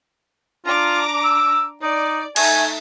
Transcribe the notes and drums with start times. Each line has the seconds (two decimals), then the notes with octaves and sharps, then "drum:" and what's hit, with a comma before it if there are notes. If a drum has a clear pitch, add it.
0.66 D4 F4 A#5 D6
1.24 E6
1.82 D#4 D5
2.36 A3 D#4 G#5, drum: cymbal